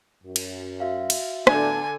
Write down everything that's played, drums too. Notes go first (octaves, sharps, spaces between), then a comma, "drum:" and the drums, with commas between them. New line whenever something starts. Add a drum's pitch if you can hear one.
F#2
drum: cymbal
F#4 E5 F5
drum: cymbal
A2 D3 B3 D4 G#5, drum: rim click